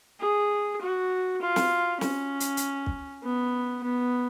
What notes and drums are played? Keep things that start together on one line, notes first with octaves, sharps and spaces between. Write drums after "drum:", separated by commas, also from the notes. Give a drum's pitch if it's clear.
G#4
F#4
F4
drum: snare
C#4, drum: snare
drum: hi-hat
drum: hi-hat
drum: kick
B3
B3